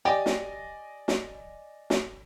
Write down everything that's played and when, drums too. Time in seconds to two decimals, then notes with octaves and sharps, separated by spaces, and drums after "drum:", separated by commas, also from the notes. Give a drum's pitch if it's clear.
0.05 G4 D5 D#5 G#5
0.26 drum: snare
1.08 drum: snare
1.90 drum: snare